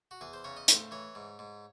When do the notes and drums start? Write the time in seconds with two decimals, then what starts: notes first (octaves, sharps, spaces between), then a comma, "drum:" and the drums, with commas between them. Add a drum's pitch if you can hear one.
0.11 F#4
0.21 E2 G#4
0.33 C5
0.44 C#3 C#5
0.57 D#5
0.68 A2 C5, drum: hi-hat
0.91 E3 C#5
1.15 G#2
1.39 G#2